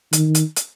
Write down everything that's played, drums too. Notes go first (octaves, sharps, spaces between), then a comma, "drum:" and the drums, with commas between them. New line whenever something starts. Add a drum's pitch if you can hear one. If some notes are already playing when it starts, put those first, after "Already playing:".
D#3, drum: hi-hat
drum: hi-hat
drum: hi-hat